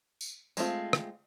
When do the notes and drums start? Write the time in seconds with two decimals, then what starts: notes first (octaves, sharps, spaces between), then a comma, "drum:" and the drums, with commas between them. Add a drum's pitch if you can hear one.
0.21 drum: tambourine
0.57 G#3 A3 C4 F4, drum: tambourine
0.93 drum: rim click